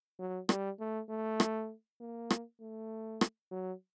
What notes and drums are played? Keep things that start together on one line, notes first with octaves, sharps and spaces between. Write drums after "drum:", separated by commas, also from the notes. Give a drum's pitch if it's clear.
F#3
G3, drum: rim click
A3
A3
drum: rim click
A#3
drum: rim click
A3
drum: rim click
F#3